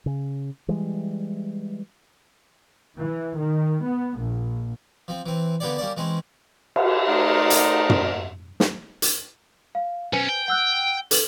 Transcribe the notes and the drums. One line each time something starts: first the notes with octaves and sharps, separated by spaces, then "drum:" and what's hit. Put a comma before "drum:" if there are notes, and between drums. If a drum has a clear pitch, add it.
C#3
E3 G3 G#3
E3
D#3
B3
A#1
F3 C4
E3 C4
D3 A#3 B3 G4 C#5 D5
G3 A#3 C#4 D5
E3 G#3 C4 C#4
drum: cymbal
A3 D#4 A#4 C5 D5
drum: hi-hat
drum: tom
drum: snare
drum: hi-hat
F5
B1 C#4 B4 C5 G#5
G5
F#5 E6 F#6
A4 B4 F#7, drum: hi-hat